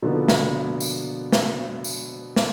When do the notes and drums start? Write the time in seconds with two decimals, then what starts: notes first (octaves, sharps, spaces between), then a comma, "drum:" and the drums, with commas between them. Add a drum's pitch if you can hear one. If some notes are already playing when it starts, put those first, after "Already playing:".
0.02 B2 D3 F3 A#3 B3
0.28 drum: snare
0.80 drum: tambourine
1.32 drum: snare
1.84 drum: tambourine
2.36 drum: snare